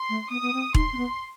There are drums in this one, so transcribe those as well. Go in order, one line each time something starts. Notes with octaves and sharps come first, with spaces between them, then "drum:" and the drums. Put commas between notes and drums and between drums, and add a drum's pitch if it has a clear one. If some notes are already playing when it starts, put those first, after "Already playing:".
Already playing: C6
A3
B3 D#6
B3
C4
D#4 C6, drum: kick E1
C4
B3